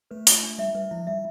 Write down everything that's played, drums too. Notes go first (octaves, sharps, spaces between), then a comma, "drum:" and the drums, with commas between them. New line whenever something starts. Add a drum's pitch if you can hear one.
A3 B4
F4, drum: open hi-hat
D4
G3 E5
G3 B4
F3 E4
G3 E5